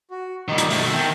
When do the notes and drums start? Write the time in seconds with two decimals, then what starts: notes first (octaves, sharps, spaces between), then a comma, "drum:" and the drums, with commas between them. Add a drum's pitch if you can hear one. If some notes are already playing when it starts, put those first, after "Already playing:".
0.10 F#4
0.48 D#3 G3 D#4
0.58 drum: hi-hat
0.70 B2 A3 E5, drum: open hi-hat
0.93 D#3 G5 A5